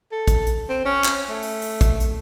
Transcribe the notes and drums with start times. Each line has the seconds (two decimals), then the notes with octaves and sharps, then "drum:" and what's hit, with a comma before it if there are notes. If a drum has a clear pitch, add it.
0.12 A4
0.27 drum: kick A1, hi-hat
0.47 drum: hi-hat
0.69 C4
0.85 C#4
1.04 drum: clap
1.29 A3
1.42 drum: open hi-hat
1.62 drum: open hi-hat
1.81 drum: kick A1, hi-hat
2.00 drum: hi-hat